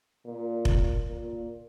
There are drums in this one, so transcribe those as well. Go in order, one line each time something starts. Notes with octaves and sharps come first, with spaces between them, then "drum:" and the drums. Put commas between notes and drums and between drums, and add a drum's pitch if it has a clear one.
A#2
drum: kick F1
A#2